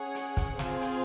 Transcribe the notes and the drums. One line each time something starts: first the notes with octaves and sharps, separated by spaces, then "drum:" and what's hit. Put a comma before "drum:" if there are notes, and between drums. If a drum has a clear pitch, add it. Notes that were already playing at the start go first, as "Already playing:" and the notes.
Already playing: C#4 G#4 C#5 F#5
drum: hi-hat
drum: kick, hi-hat
C4 F4 G#4 C5 F5, drum: snare
drum: hi-hat